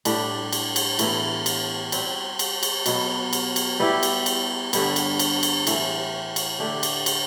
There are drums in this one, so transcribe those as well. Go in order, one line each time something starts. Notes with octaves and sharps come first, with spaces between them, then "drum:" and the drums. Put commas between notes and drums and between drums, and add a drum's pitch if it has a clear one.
A2 G3 D4, drum: cymbal
drum: cymbal
drum: cymbal
A2 E3 B3, drum: cymbal
drum: cymbal
G3 C4 F#4, drum: cymbal
drum: cymbal
drum: cymbal
B2 F#3 B3 F#4, drum: cymbal
drum: cymbal
drum: cymbal
G3 B3 E4 G4
drum: cymbal
drum: cymbal
G2 D3 G3 B3, drum: cymbal
drum: cymbal
drum: cymbal
drum: cymbal
A2 E3 A3, drum: cymbal
drum: cymbal
D3 A3 D4 G4
drum: cymbal
drum: cymbal